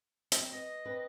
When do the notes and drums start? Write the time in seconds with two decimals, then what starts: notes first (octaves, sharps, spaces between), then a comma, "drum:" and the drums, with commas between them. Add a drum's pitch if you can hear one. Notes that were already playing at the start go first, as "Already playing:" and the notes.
0.32 F#3 C4, drum: hi-hat
0.52 B3 D#5
0.85 C4 D4 B4